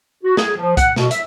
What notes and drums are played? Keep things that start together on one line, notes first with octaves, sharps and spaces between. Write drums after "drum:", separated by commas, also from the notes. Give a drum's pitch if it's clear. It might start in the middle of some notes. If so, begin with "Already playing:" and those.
F#4
G#4, drum: snare
F3
F#5, drum: kick, hi-hat
B2, drum: snare
E5, drum: hi-hat